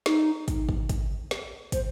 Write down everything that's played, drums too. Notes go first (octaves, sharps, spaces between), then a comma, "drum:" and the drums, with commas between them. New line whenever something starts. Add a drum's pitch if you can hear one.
D#4, drum: snare
drum: kick, hi-hat
drum: kick
drum: kick, hi-hat
drum: snare
C5, drum: kick, hi-hat